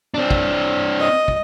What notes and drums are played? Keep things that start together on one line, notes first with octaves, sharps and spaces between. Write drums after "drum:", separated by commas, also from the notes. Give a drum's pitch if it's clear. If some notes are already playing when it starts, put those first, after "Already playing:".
C4 D4
drum: kick
D#5
drum: kick